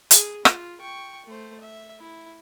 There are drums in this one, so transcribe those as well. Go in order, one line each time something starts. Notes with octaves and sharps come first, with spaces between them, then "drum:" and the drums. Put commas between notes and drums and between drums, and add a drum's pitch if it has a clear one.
G#4, drum: hi-hat
F4, drum: rim click
G5 C#6
A3 C5
E5
E4